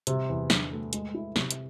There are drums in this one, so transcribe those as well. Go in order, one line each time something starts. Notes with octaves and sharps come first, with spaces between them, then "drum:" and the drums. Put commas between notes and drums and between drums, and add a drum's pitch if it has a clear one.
C3, drum: hi-hat
E2
D3, drum: snare
A3
G#3, drum: hi-hat
E4
C3, drum: snare
drum: hi-hat